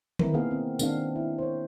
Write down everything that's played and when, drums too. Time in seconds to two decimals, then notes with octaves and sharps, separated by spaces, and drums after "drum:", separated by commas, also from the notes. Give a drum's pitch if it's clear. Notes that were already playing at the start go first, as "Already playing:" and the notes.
0.19 C4 E4 A#4 B4, drum: tom D3
0.33 D#3 A#3 B3 G#4 B4 F5
0.51 C4
0.79 D#3 G#3 C4 D4 F5, drum: tambourine
1.16 E4
1.38 C5 C#5